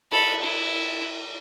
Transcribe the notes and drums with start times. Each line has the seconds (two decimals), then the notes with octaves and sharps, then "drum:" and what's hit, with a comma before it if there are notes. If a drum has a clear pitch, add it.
0.12 A4 B5, drum: cymbal
0.43 E4